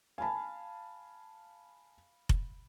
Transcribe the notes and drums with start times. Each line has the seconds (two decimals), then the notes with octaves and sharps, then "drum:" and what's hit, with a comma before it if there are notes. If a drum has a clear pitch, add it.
0.18 F5 G#5 A5 B5
2.29 drum: kick F1